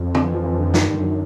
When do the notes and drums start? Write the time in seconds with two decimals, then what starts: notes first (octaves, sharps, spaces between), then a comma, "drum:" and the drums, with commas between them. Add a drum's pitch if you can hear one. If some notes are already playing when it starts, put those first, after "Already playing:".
Already playing: F2
0.15 D3, drum: tom
0.24 E3
0.35 F3
0.44 E3
0.60 D3
0.74 F#2 D#3, drum: snare
0.88 G2
0.93 D3
0.99 F#2 D#3